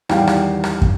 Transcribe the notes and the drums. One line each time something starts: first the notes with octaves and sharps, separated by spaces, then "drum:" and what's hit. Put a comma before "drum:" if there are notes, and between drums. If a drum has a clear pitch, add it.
E2 D#3 G3 F5 G5, drum: rim click
drum: rim click
drum: rim click
drum: kick